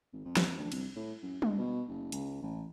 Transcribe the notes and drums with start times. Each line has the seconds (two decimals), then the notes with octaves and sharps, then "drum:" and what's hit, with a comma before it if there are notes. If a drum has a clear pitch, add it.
0.13 G#1
0.25 F2
0.37 drum: snare
0.58 D2
0.72 C2, drum: cymbal
0.96 A2
1.23 F#2
1.42 D2, drum: tom G3
1.58 B2
1.89 F#1
2.12 C#2, drum: hi-hat
2.42 A1